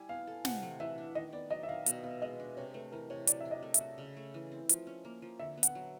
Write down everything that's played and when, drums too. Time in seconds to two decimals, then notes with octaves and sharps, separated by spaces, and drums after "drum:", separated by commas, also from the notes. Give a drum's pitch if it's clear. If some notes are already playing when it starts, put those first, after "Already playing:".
Already playing: G3 E4 G#5
0.09 B3 F5
0.27 A4
0.45 C3 F#5, drum: snare
0.63 A3
0.80 E3 E5
0.98 D4
1.15 D#3 D#5
1.33 B3 D5
1.50 F#3 D#5
1.63 E5
1.68 D#3 F5
1.86 B2, drum: hi-hat
2.04 B3 F5
2.22 G#3 D#5
2.40 D4
2.57 C3 C#5
2.74 A3 B4
2.92 E3 A#4
3.10 C3 C#5
3.27 F#3 D5, drum: hi-hat
3.40 D4 E5
3.51 D#5
3.63 A3
3.74 E5, drum: hi-hat
3.80 F#4
3.98 C#3
4.17 A3
4.34 E3
4.52 C4
4.69 F3, drum: hi-hat
4.87 C#4
5.05 A#3
5.22 F3
5.39 D3 E5
5.57 B3
5.63 F#5, drum: hi-hat
5.75 F#3